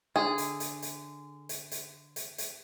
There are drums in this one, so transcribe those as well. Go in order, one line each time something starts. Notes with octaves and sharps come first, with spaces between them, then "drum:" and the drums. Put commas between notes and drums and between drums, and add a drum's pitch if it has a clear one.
D3 G#4
drum: hi-hat
drum: hi-hat
drum: hi-hat
drum: hi-hat
drum: hi-hat
drum: hi-hat
drum: hi-hat